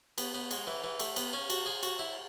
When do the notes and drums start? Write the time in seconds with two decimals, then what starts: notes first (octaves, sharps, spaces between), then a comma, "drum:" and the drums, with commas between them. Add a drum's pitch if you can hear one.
0.18 B3, drum: cymbal
0.34 B3
0.51 G#3, drum: cymbal
0.67 E3
0.84 E3
1.00 A3, drum: cymbal
1.16 B3, drum: cymbal
1.33 C#4
1.50 F#4, drum: cymbal
1.66 G#4
1.83 F#4, drum: cymbal
1.99 E4